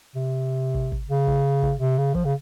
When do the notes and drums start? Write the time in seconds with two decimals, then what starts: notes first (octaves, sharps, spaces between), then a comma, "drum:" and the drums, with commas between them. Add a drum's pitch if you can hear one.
0.16 C3
0.74 drum: kick
0.92 drum: kick
1.09 C#3
1.27 drum: kick
1.62 drum: kick
1.80 C3
1.98 C#3
2.15 F3, drum: kick
2.25 C#3